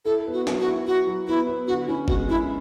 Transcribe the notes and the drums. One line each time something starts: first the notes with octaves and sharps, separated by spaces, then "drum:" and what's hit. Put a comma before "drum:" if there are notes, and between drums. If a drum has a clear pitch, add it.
E4 A4
B3
F#4
F#3, drum: snare
F#4
E4
E4 F#4
F#3
B3 E4
B3
D3 F#4
C#4 E4
G#3 F#4, drum: kick
F#2 E4